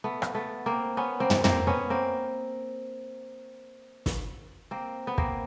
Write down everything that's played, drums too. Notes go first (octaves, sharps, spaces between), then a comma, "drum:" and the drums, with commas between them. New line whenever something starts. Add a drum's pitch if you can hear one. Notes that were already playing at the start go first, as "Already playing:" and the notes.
A3 B3
drum: rim click
A3 B3
A#3 C4
B3 C#4
A#3 C4
drum: tom
A#3 C4, drum: tom
B3 C#4
A#3 C4
drum: snare
A#3 C4
B3
A#3 C4, drum: kick